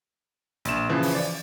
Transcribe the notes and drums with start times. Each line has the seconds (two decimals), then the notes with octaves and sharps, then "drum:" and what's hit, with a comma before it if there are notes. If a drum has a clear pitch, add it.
0.65 A#1 E7, drum: hi-hat
0.89 C#3 E3 F3
1.03 drum: open hi-hat
1.15 D5